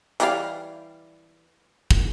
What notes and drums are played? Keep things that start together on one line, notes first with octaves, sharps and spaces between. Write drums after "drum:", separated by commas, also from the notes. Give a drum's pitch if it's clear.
E3 G3 F5, drum: hi-hat
drum: kick